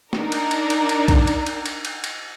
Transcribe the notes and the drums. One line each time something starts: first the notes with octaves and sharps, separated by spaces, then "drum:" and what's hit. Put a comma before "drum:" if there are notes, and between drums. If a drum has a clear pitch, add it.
D4 D#4 A#4, drum: snare
drum: cymbal
drum: cymbal
drum: cymbal
drum: cymbal
drum: kick A#1, cymbal
drum: cymbal
drum: cymbal
drum: cymbal
drum: cymbal
drum: cymbal